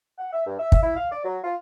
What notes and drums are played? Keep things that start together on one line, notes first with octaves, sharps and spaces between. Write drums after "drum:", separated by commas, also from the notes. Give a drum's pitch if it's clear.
F#5
E5
G2
E5
drum: kick
E4
F5
D5
F#3
F4